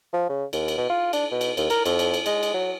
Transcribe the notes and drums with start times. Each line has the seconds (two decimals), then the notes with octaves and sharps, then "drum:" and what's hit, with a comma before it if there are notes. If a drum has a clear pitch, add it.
0.13 F3
0.29 C#3
0.53 D#2, drum: cymbal
0.68 drum: cymbal
0.78 B2
0.90 F4
1.13 D4, drum: cymbal
1.31 B2
1.41 drum: cymbal
1.57 D#2, drum: cymbal
1.70 A#4, drum: cymbal
1.86 F2, drum: cymbal
1.99 drum: cymbal
2.14 drum: cymbal
2.26 G#3, drum: cymbal
2.43 drum: cymbal
2.54 F#3